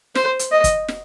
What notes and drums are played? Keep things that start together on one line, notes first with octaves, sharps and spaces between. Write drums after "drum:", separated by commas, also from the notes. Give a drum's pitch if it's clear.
C5, drum: snare
drum: hi-hat
D#5
drum: kick, hi-hat
drum: snare